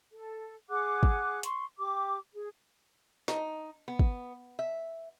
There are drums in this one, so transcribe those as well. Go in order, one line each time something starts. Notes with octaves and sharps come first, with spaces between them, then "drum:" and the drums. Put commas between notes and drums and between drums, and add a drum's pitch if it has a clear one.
A4
G#4 F#5 D6 F#6
drum: kick
C6 C#6, drum: hi-hat
G4 D6
G#4
D#4, drum: snare
B3
drum: kick
E5